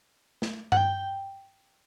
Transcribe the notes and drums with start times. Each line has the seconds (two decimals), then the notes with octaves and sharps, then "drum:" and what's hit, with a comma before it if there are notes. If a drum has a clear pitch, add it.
0.42 drum: snare
0.72 F#5, drum: tom G2
0.77 G5